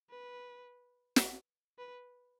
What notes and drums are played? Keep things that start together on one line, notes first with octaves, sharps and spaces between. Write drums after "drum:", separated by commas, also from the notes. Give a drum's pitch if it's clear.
B4
drum: snare
B4